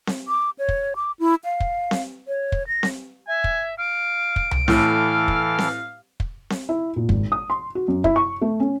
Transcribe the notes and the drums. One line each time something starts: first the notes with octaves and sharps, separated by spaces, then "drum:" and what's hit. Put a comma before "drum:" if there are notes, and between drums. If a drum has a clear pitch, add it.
drum: snare C4
D6
C#5
drum: kick
D6
E4
F5
drum: kick
drum: snare C4
C#5
drum: kick
A#6
drum: snare C4
E5 G#5
drum: kick
F5 D7
drum: kick
drum: tom C2
A2 E3 A4 F5 F6, drum: snare C4
drum: kick
drum: snare C4
drum: kick
drum: snare C4
E4
A#2
G#1, drum: kick
D#6
C6
F#4
F#2
E4, drum: kick
C#6
A3
C#4